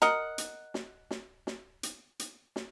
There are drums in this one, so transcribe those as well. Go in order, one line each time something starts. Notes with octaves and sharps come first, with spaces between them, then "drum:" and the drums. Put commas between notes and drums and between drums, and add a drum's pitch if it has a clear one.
A#4 D#5 F#5, drum: snare
drum: hi-hat
drum: snare
drum: snare
drum: snare
drum: hi-hat
drum: hi-hat
drum: snare